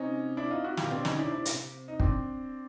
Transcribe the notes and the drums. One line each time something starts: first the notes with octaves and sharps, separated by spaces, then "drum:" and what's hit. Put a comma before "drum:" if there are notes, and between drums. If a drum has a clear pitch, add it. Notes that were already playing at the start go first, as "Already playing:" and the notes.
Already playing: C3 C#4 D#4
D4 E4
D#4 F4
E4 F#4
A#2 F4 G4, drum: snare
B2 C4 D4
C#4 D#4, drum: snare
C3 D4 E4
D4 E4
C3, drum: hi-hat
D#4
C4 D4, drum: kick